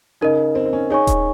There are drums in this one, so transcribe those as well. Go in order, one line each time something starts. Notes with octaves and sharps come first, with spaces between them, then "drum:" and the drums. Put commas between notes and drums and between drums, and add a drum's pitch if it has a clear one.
C#3 D#4 A#4 D#5
C4
C4
C#4
D#4 G#4 C#5 G#5 C#6
drum: kick D#1, hi-hat